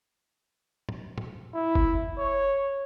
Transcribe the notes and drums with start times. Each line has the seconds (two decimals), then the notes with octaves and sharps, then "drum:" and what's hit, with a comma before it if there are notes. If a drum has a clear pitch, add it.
0.89 drum: tom
1.18 drum: tom
1.54 E4
1.75 drum: kick
2.18 C#5